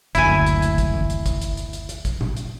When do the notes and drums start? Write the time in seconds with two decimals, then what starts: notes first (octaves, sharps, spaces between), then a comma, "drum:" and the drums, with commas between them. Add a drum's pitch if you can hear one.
0.15 F#1 D2 E4 G#5, drum: hi-hat
0.46 drum: hi-hat
0.62 drum: hi-hat
0.78 drum: kick, hi-hat
0.94 drum: tom E3
1.10 drum: hi-hat
1.26 drum: kick, hi-hat
1.42 drum: hi-hat
1.57 drum: hi-hat
1.73 drum: hi-hat
1.89 drum: hi-hat
2.05 drum: kick, hi-hat
2.21 drum: tom A#2
2.37 drum: hi-hat